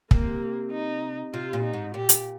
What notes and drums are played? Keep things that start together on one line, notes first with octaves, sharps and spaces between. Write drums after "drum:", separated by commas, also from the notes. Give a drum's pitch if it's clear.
C3 A#3, drum: kick
D#4
C3 F4
A#2
D#4
G#2
A#2 G4
drum: hi-hat